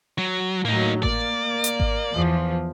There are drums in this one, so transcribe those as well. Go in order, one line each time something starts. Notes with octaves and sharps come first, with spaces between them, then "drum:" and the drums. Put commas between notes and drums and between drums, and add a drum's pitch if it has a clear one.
F#3
A2 F#3 A#3 D#4
A#3 D5, drum: kick G#1
drum: hi-hat
drum: kick G#1
E2 E3 F3